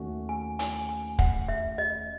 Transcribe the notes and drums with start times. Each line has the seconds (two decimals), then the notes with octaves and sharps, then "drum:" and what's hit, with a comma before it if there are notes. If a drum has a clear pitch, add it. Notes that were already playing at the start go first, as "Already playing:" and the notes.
Already playing: D#2 D#3 A3 C#4 F#4
0.29 G#5
0.59 G#5, drum: hi-hat
0.89 G#5
1.19 F#5, drum: kick
1.48 E5
1.78 D#5